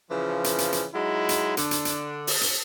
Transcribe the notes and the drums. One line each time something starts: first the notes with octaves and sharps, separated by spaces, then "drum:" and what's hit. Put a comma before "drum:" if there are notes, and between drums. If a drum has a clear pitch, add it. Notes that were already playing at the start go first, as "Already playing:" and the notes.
C#3 E3 F3
drum: hi-hat
drum: hi-hat
drum: hi-hat
F#3 G#3 D#4 E4
drum: hi-hat
D3 D4, drum: hi-hat
drum: hi-hat
drum: hi-hat
drum: open hi-hat
drum: hi-hat